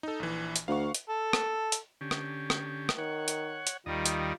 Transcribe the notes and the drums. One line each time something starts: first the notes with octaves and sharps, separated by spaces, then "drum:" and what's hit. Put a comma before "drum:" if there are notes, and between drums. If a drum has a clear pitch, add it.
D#4 A4
A#1 E3
drum: hi-hat
D2 F5 F#5 C#6
drum: hi-hat
A4
drum: rim click
drum: hi-hat
D3 C#4 G4
drum: rim click
drum: rim click
drum: rim click
D#3 C#5 F#5
drum: hi-hat
drum: hi-hat
D#2 D#3 G3 F4 D#5
drum: hi-hat